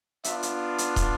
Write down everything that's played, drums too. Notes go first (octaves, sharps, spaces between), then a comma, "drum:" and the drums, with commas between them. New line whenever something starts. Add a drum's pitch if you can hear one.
B3 D4 F4 E5, drum: hi-hat
drum: hi-hat
drum: hi-hat
drum: kick, hi-hat